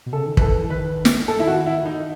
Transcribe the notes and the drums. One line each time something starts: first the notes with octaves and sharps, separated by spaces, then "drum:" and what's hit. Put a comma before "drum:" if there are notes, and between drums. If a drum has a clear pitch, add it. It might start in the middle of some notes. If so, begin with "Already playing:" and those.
B2
C#3 A4
D#3
F#3 B4, drum: kick
E3 A4
E3
D#3 B4
drum: snare
A4
E4
F#4
E4
D#3 D#4